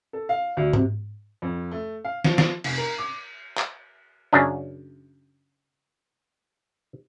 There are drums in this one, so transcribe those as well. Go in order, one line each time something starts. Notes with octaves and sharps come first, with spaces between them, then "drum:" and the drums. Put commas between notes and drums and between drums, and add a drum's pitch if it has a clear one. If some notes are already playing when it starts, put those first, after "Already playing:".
A4
F5
D2
C3, drum: tom G#2
F2
A3
F5
F3, drum: snare
drum: snare
F1, drum: cymbal
A#4
D6
drum: clap
F#2 C#3 C#4 D4